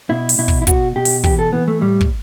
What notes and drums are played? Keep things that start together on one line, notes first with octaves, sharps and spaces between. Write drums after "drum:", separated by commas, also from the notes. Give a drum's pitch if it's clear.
B2 E4
drum: open hi-hat
B2 E4
drum: kick
E4
B2 F#4, drum: kick, hi-hat
B2 G4
drum: open hi-hat
E3 G4, drum: kick
A4
E3 B3
A3
A2 G3
drum: kick